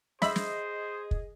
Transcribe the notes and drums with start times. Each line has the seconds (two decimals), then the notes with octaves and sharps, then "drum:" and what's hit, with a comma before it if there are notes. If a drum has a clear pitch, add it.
0.22 G#4 C5 D#5 E5 B5, drum: snare
0.36 drum: snare
1.11 drum: kick